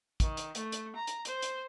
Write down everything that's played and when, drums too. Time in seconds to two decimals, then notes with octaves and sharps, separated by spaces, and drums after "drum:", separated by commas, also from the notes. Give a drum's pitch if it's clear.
0.20 D#3, drum: kick, hi-hat
0.37 drum: hi-hat
0.55 A3, drum: hi-hat
0.72 drum: hi-hat
0.94 A#5
1.07 drum: hi-hat
1.25 C5, drum: hi-hat
1.42 drum: hi-hat